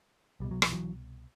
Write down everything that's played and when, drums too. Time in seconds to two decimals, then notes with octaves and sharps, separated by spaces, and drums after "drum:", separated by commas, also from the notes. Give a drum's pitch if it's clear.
0.40 C2 B2 G3
0.51 F#3
0.62 F3, drum: rim click
0.72 E3 F#3